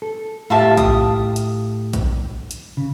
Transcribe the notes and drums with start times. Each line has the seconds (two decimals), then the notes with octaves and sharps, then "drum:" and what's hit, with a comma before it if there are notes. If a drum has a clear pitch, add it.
0.02 A4
0.50 A2 F4 G4 E5 F5 A5
0.77 D#6, drum: kick A#1, hi-hat
1.36 drum: hi-hat
1.93 drum: kick A#1, hi-hat
2.51 drum: hi-hat
2.77 C#3